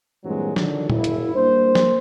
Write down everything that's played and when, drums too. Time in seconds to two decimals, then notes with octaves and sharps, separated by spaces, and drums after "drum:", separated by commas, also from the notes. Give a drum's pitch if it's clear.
0.23 G2 A#2 E3 F#3 G#3 C4
0.56 D3 D#3 F3 F#3 D4, drum: snare
0.90 F#1 E4, drum: tom A#2
1.04 drum: hi-hat
1.35 G3 A#3 D4 C5
1.75 drum: snare